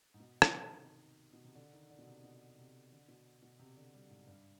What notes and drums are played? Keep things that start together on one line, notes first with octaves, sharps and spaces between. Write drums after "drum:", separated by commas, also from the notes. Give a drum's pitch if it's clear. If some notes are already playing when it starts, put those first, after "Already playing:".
G#2
B2
C3, drum: rim click
D#3
B2
C3
D3
D#3
D3
B2
C3
B2
C3
D3
B2
B2
C3
D3
G3
G#2
G2